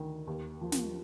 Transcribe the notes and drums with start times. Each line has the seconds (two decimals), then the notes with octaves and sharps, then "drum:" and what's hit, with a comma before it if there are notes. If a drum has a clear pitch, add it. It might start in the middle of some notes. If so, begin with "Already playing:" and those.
Already playing: D2 D#3
0.27 D#2
0.61 F3
0.72 drum: snare